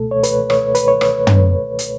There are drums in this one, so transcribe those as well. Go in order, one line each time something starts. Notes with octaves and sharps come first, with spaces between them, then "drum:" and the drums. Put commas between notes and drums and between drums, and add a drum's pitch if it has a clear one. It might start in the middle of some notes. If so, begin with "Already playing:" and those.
Already playing: C#2 B2 A3 A4
C#5
B4, drum: hi-hat
C#5, drum: rim click
B4, drum: hi-hat
C#5
drum: rim click
drum: tom
drum: hi-hat